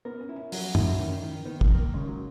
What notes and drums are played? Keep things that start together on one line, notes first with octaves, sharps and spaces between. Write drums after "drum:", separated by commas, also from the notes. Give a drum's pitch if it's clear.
B3 A#4
C#4
E4
C#4
F#3, drum: open hi-hat
E4, drum: tom F#2
D#3 C#4
D#3
D#3 B3
A#3, drum: kick
A#4
A#3
C#3 G#3
F#3